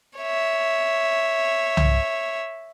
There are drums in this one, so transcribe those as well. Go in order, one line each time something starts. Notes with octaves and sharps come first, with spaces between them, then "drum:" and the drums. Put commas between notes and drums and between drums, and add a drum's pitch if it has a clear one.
C#5 E5
drum: tom C2